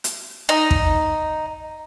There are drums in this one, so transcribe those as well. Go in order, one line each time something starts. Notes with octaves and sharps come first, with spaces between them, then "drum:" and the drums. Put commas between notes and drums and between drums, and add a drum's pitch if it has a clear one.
drum: hi-hat
D#4
drum: kick